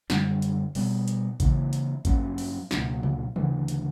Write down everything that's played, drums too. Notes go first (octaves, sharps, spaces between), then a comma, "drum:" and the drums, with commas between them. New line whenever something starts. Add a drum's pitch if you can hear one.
F#2 D3 G3, drum: snare
drum: hi-hat
B2 G3 B3, drum: open hi-hat
drum: hi-hat
C#3 E3 A#3, drum: kick A1, hi-hat
drum: hi-hat
G2 F#3 A#3 C#4, drum: kick A1, hi-hat
drum: open hi-hat
C#2 B2 F#3 A#3, drum: snare
drum: tom A#2
D2 C#3 E3, drum: tom C3
drum: hi-hat